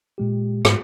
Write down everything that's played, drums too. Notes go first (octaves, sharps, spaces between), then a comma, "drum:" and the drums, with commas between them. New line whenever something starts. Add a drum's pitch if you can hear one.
A#2 G#3 G4
G#2, drum: rim click